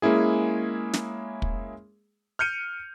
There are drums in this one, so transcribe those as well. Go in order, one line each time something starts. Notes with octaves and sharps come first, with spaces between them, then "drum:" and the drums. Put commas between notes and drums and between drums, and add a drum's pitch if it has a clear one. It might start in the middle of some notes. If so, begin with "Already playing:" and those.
G#3 A#3 C#4 E4 G#4
drum: snare
drum: kick
F6 G6 C#7 D#7